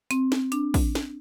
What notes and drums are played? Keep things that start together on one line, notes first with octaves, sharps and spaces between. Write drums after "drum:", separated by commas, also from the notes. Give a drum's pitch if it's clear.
C4, drum: hi-hat
drum: snare
D4, drum: hi-hat
drum: kick, open hi-hat
drum: snare